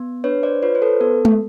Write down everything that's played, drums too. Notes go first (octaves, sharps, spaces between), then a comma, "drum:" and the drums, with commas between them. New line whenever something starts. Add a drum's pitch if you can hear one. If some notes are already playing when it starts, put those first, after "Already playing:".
Already playing: B3
D4 B4 C#5
C5 D5
F4 B4 C#5
C5
A4 B4
B3 A4
drum: tom G#3